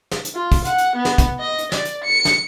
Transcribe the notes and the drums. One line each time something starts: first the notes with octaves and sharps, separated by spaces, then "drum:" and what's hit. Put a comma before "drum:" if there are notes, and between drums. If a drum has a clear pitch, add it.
drum: snare
drum: hi-hat
F4
drum: kick, open hi-hat
F#5, drum: hi-hat
drum: hi-hat
B3
drum: snare
drum: kick, hi-hat
D#5
drum: hi-hat
D5, drum: snare
drum: hi-hat
C#7
drum: snare